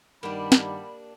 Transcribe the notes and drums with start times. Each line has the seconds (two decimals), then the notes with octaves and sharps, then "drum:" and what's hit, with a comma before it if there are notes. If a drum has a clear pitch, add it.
0.23 G2 D#3 G3 A#3 D4 G4 F#5 B5
0.52 drum: snare